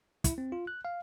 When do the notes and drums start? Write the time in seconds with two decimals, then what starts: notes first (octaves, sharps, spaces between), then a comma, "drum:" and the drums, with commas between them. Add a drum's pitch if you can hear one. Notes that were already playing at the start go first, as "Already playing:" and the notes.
0.24 E4, drum: kick, hi-hat
0.38 C4
0.52 F4
0.67 F#6
0.85 F5